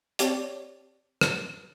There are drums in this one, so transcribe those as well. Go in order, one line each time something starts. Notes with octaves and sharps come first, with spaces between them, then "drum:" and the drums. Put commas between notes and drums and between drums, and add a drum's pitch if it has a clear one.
C4 G4 C#5 D5 A5, drum: hi-hat
drum: rim click